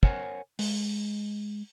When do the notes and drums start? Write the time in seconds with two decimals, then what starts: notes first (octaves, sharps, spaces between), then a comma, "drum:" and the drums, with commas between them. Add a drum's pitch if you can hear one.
0.03 A#4 C5 C#5 F#5 G#5, drum: kick
0.59 G#3, drum: open hi-hat